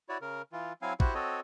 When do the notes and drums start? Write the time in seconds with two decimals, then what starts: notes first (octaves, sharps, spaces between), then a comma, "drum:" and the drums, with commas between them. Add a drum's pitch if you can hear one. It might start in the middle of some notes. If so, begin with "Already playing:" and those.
0.09 E4 F#4 C#5 D5
0.22 C#3 A#4
0.53 E3 F4
0.82 F#3 C4 E4 F5 G#5
1.00 E4 F#4 G4 C5 F#5, drum: kick
1.14 C4 F#4 A4 C#5 D#5